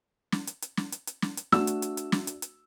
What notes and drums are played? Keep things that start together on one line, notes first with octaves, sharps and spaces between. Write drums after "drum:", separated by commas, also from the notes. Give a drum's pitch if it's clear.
drum: snare
drum: hi-hat
drum: hi-hat
drum: snare
drum: hi-hat
drum: hi-hat
drum: snare
drum: hi-hat
A3 D4 F#4 E6, drum: snare
drum: hi-hat
drum: hi-hat
drum: hi-hat
drum: snare
drum: hi-hat
drum: hi-hat